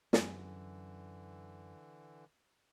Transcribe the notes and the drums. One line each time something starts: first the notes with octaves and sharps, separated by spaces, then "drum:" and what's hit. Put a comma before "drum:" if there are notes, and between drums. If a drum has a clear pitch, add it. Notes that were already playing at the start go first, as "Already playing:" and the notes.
F#2 D3 E3 G3 G#4, drum: snare